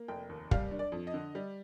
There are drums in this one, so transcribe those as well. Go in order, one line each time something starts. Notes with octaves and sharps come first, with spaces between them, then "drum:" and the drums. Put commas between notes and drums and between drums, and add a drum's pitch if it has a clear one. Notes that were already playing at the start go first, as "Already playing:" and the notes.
Already playing: A#3
F1 G5
D#2
G3 F5, drum: kick
D4
D5
F2
D#5
D3
G3